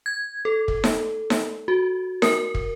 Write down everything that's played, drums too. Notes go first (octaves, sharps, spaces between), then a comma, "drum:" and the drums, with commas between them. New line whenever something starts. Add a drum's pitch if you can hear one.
G#6
A4
drum: kick
drum: snare D#4
drum: snare D#4
F#4
A#4, drum: snare D#4
drum: kick